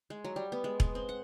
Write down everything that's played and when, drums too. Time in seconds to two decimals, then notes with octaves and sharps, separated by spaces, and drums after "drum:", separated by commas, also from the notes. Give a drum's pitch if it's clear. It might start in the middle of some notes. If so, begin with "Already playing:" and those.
0.10 G#3
0.24 F#3
0.36 G3
0.52 B3
0.64 G#3
0.80 B3, drum: kick E1
0.95 C4
1.09 F#5